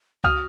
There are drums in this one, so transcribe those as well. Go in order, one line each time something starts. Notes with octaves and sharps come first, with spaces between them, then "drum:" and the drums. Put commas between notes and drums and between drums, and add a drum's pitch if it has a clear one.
F#4 D#6 F6, drum: kick C#2